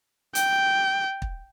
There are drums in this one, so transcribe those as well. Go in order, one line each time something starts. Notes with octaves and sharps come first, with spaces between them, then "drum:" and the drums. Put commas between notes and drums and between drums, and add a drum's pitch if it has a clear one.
G5, drum: hi-hat
drum: kick